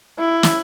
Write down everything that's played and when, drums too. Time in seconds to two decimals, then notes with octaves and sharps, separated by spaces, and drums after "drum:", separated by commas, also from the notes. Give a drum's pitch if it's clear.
0.20 E4
0.43 drum: snare